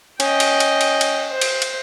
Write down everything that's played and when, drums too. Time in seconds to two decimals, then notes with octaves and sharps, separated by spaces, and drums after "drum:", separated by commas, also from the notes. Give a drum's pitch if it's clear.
0.20 C#4 D#5 G5, drum: cymbal
0.40 drum: cymbal
0.60 drum: cymbal
0.81 drum: cymbal
1.01 drum: cymbal
1.30 C5
1.41 drum: cymbal
1.62 drum: cymbal